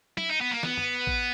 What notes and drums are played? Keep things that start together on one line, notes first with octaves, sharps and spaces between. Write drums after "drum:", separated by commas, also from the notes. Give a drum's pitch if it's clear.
E4, drum: tom
D#4
B3
A#3
B3, drum: snare
drum: tom
drum: kick A1